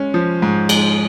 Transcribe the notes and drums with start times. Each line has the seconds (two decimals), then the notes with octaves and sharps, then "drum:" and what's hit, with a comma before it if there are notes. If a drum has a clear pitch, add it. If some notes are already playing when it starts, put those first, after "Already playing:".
Already playing: G#3 C#4
0.14 F3
0.42 G#2
0.69 G#3, drum: cymbal